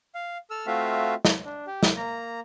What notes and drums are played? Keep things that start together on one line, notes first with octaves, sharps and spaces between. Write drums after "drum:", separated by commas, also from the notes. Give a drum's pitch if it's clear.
F5
A4 E6 F6
A3 C4 F4 F#4 E5 F5
drum: snare
D4
G4
drum: snare
A#3 A#5